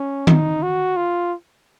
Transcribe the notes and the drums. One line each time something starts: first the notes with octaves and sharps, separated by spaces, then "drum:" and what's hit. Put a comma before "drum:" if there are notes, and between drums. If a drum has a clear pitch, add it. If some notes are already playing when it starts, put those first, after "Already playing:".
Already playing: C#4
D#4, drum: tom D#3
F#4
F4